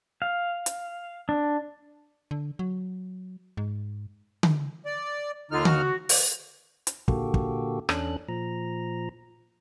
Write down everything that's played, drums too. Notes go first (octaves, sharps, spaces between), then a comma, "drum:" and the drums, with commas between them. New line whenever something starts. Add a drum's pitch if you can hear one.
F5
drum: hi-hat
D4
D3
F#3
G#2
drum: tom D3
D5
D#2 D3 D#4 F4 F6
F#4, drum: tom D3
drum: open hi-hat
drum: hi-hat
A#2 D3 A#3 F#4 G4 A4, drum: kick
drum: kick
E2 C#4 D4 A4 F#6, drum: rim click
A#2 F3 A#5